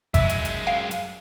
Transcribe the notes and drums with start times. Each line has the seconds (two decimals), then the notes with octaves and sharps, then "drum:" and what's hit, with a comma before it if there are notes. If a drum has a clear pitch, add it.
0.14 F#2 G#3 E5, drum: kick G#1, hi-hat
0.29 drum: hi-hat
0.45 drum: hi-hat
0.67 F5 G5
0.91 drum: hi-hat